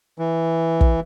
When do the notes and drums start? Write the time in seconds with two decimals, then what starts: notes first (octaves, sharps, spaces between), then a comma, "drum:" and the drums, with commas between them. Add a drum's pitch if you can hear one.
0.18 E3
0.81 drum: kick